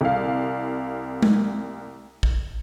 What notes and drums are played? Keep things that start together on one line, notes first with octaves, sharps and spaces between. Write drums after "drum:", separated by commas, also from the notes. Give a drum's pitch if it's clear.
C2 F5
drum: tom G#3
drum: kick